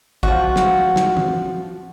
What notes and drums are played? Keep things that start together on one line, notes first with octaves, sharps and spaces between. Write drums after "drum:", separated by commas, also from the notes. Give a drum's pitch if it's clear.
F3 F#4, drum: kick
drum: snare
drum: snare
drum: tom